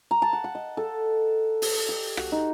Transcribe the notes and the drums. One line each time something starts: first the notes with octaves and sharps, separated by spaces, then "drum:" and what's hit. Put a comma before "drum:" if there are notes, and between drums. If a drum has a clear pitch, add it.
A#5
A5
F#5
F#5
D#5
A4
drum: open hi-hat
G4
F#4, drum: rim click
D#4